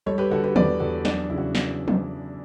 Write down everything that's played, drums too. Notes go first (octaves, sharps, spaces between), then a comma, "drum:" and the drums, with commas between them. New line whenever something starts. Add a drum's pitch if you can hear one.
G3 A4 C#5
G4 B4
D3 F#4 A4
G4 B4
E2 B4 D5, drum: tom
E2 F#4 A4
F#3 D4, drum: snare
C#3 E4
F#4
drum: snare
drum: tom